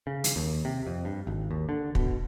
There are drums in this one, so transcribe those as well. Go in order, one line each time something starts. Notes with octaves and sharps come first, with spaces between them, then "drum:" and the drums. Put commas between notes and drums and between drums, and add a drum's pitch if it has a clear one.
C#3
drum: hi-hat
D#2
C3
F2
G2
G#1
D#2
D3
B2, drum: kick